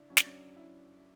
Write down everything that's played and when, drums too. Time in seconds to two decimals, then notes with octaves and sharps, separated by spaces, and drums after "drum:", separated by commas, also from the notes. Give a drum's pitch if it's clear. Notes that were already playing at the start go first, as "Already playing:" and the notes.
Already playing: C#3 D4 E4
0.10 F#3 C#4
0.17 D4, drum: snare
0.24 C#4
0.56 E4